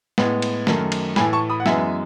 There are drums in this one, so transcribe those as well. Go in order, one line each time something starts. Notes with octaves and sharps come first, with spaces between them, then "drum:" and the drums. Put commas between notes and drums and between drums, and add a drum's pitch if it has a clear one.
A2 G#3 B3, drum: snare
drum: cymbal
F#2 D#3 A3, drum: snare
drum: cymbal
A2 E3 A3 G#5 B5, drum: snare
A5 C#6
B5 D#6
F#5
F#2 E3 G#3 B3 E5 G#5, drum: snare